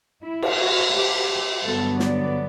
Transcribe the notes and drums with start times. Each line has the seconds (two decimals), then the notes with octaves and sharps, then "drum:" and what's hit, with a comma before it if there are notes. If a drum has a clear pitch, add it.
0.22 E4
0.42 drum: cymbal
0.57 F#4
0.93 G4
1.64 G2 D3 F#3 B3 A4
1.99 D5, drum: snare